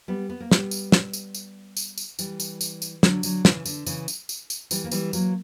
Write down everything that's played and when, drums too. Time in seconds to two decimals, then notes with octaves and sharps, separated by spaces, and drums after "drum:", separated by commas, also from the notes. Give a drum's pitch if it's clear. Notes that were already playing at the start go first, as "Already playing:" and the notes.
0.08 G3 B3
0.29 B3
0.40 A#3
0.52 G3 B3, drum: snare
0.71 drum: tambourine
0.92 drum: snare
1.13 drum: tambourine
1.34 drum: tambourine
1.77 drum: tambourine
1.98 drum: tambourine
2.19 E3 G3, drum: tambourine
2.40 drum: tambourine
2.61 drum: tambourine
2.82 drum: tambourine
3.03 D3 F#3, drum: snare
3.23 D3 F#3, drum: tambourine
3.45 C#3 E3, drum: snare
3.65 D3, drum: tambourine
3.87 C#3 E3, drum: tambourine
4.08 drum: tambourine
4.29 drum: tambourine
4.50 drum: tambourine
4.71 E3 G3, drum: tambourine
4.84 A#3
4.91 E3 G3, drum: tambourine
5.13 F#3 A#3, drum: tambourine